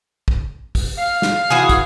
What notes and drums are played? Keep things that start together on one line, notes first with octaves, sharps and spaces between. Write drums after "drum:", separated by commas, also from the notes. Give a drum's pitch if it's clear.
drum: kick
drum: kick, open hi-hat
F5
drum: snare
E3 F#4 G#4
drum: kick, hi-hat